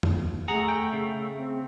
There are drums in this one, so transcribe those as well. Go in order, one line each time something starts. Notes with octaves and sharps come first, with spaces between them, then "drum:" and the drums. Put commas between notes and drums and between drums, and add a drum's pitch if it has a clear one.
drum: tom
A3 G#4 F#5 A#5
G5
C#3
C4